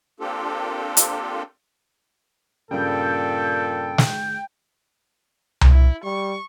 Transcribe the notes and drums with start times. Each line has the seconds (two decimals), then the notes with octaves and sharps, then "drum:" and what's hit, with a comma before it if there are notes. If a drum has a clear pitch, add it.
0.20 A#3 C4 D4 F4 G4 A4
0.97 drum: hi-hat
2.71 G2 A#2 C#3 A4 G5
3.98 drum: snare
5.61 drum: tom C2
5.72 E4
6.04 G3 C#6